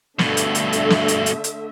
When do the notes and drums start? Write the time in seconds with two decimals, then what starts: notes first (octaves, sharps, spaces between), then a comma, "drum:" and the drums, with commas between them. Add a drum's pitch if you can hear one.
0.19 G2 B2 D3 A3 E5, drum: snare
0.37 drum: hi-hat
0.55 drum: hi-hat
0.73 drum: hi-hat
0.90 drum: snare
1.08 drum: hi-hat
1.26 drum: hi-hat
1.44 drum: hi-hat